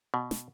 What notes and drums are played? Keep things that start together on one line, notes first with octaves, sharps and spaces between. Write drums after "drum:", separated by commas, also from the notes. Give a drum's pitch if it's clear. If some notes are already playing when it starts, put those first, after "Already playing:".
B2
drum: snare